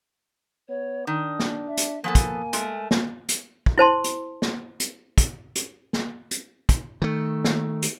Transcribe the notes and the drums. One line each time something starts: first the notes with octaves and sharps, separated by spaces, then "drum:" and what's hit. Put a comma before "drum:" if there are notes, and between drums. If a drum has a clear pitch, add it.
B3 C#5
D#3 D4 D#6
drum: snare
E5
drum: hi-hat
F3 A#3 B3 A4 G#5
drum: kick, hi-hat
G#3 A3 A#4, drum: hi-hat
drum: snare
drum: hi-hat
drum: kick
E4 C5 A5 C6
drum: hi-hat
drum: snare
drum: hi-hat
drum: kick, hi-hat
drum: hi-hat
drum: snare
drum: hi-hat
drum: kick, hi-hat
D#3 A3
drum: snare
drum: hi-hat